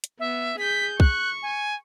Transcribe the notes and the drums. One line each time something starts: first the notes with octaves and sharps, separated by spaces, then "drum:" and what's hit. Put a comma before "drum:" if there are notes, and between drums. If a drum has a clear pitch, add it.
drum: hi-hat
B3 E5
G#4 G6 B6
C#6 F#6, drum: kick
G#5